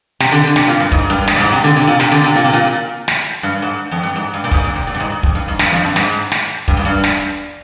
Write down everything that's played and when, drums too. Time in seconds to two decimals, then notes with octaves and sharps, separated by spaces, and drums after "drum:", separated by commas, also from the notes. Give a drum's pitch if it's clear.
0.20 C3, drum: snare
0.32 D3
0.44 D3
0.56 C3, drum: snare
0.67 A#2
0.80 G2
0.92 G#2, drum: kick
1.10 G2
1.28 G#2, drum: snare
1.36 A#2
1.40 G#2
1.52 C3
1.64 D3
1.76 C3
1.87 A#2
2.00 C3, drum: snare
2.12 D3
2.24 C3
2.35 A#2
2.44 C3
2.53 A#2
3.08 drum: snare
3.43 G2
3.62 G#2
3.91 F2
4.03 G2
4.16 G#2
4.34 G2
4.44 A#2
4.51 G#2, drum: kick
4.64 A#2
4.75 C3
4.87 A#2
4.95 G2
5.00 G#2
5.23 F2, drum: kick
5.35 G2
5.48 G#2
5.59 G2, drum: snare
5.72 F2
5.84 G2
5.96 G#2, drum: snare
6.32 drum: snare
6.68 G2, drum: kick
6.77 G#2
6.85 G2
7.04 drum: snare